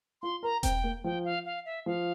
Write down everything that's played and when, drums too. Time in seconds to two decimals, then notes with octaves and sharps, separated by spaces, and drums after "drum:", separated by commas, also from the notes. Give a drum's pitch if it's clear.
0.22 F4 C6
0.43 A#4 A#5
0.63 C4 G5, drum: kick E1, hi-hat
0.84 A#3
1.04 F3 G5
1.25 F5
1.45 F5
1.65 E5
1.86 F3 F5